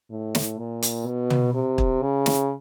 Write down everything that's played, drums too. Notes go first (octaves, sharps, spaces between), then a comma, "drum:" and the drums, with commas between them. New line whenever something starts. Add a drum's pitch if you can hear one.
A2
drum: snare
A#2
drum: hi-hat
B2
drum: tom
C3
drum: kick
C#3
drum: snare